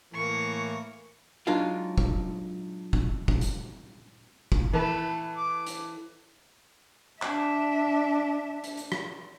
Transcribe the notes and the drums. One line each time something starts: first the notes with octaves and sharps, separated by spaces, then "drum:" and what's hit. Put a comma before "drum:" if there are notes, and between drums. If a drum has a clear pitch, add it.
A2 E3 A#3 C#6
F#3 G#3 D4 D#4 F4 F5
drum: kick
drum: kick
drum: kick
drum: hi-hat
drum: kick
E3 A3 A4 B4 A5
D6
drum: hi-hat
D4 E5, drum: clap
drum: hi-hat
drum: hi-hat
drum: rim click